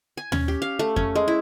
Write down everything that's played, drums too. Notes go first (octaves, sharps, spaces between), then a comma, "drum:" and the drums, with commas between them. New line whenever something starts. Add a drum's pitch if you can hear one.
G#5
C#4, drum: tom D#2
G4
F5
A3
C#4, drum: kick F2
G#3
E4